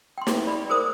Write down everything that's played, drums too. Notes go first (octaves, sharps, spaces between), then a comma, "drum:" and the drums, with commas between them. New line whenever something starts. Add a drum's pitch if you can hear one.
G5 C6
drum: snare
D5 B5
G#4 A#4 C5 D#6